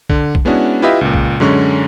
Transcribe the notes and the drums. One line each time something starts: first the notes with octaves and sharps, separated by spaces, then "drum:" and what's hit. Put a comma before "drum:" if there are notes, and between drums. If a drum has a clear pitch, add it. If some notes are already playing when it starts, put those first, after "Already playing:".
D3, drum: kick
drum: kick
G#3 B3 C#4 D4 E4 F#4
E4 F4 G4 B4 D#5 E5
C#2 A#2
drum: kick
F#2 D3 G#3 C#4 C#6, drum: tom